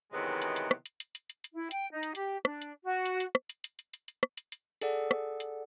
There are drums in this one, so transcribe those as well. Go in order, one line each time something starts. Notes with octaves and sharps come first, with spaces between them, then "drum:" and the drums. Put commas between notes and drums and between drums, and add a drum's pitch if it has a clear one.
C3 D#3 E3 F#3 G#3 B3
drum: hi-hat
drum: hi-hat
drum: rim click
drum: hi-hat
drum: hi-hat
drum: hi-hat
drum: hi-hat
drum: hi-hat
E4
G5, drum: hi-hat
D#4
drum: hi-hat
G4, drum: hi-hat
D4, drum: rim click
drum: hi-hat
F#4
drum: hi-hat
drum: hi-hat
drum: rim click
drum: hi-hat
drum: hi-hat
drum: hi-hat
drum: hi-hat
drum: hi-hat
drum: rim click
drum: hi-hat
drum: hi-hat
G#4 A4 D5 F#5, drum: hi-hat
drum: rim click
drum: hi-hat